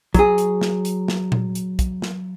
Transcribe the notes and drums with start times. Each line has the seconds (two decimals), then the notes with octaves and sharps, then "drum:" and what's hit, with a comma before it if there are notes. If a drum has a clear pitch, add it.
0.14 F#3 G#4, drum: kick, hi-hat
0.38 drum: hi-hat
0.61 drum: snare
0.85 drum: hi-hat
1.08 drum: snare
1.32 drum: tom A#2
1.55 drum: hi-hat
1.79 drum: kick, hi-hat
2.02 drum: snare